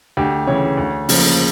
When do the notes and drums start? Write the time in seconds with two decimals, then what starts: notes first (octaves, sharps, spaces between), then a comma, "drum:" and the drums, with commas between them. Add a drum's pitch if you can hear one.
0.17 D2 G4
0.47 C#3 E3 C#5
0.77 D2
1.09 C#3 F3 A#3, drum: open hi-hat